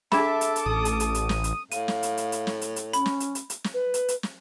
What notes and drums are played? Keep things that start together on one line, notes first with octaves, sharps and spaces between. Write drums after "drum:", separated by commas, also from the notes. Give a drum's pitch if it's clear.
D4 G#4 A4 E5 A5 B5 D6, drum: snare
drum: hi-hat
drum: hi-hat
A1 D#6
drum: hi-hat
drum: hi-hat
drum: hi-hat
drum: snare
drum: hi-hat
A2 F5 D#7, drum: hi-hat
drum: snare
drum: hi-hat
drum: hi-hat
drum: hi-hat
drum: snare
drum: hi-hat
drum: hi-hat
C#4 B5, drum: hi-hat
drum: snare
drum: hi-hat
drum: hi-hat
drum: hi-hat
drum: snare
B4
drum: hi-hat
drum: hi-hat
drum: snare